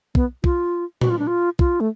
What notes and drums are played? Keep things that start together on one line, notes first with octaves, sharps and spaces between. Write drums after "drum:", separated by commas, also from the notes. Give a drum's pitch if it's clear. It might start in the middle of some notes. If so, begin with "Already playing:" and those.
B3, drum: kick
F4, drum: kick
F#4, drum: tom
F4
D4
F4
F4, drum: kick
A3